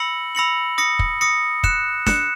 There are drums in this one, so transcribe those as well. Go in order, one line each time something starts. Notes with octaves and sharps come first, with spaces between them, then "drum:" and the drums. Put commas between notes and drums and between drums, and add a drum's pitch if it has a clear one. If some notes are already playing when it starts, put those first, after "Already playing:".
Already playing: B5 E6 A#6 C#7 F#7
B5 E6 A#6 C#7 F#7
D#6 A#6 C#7
drum: kick
D#6 A#6 C#7
F#6 C#7 E7, drum: kick
F#6 C#7 E7, drum: snare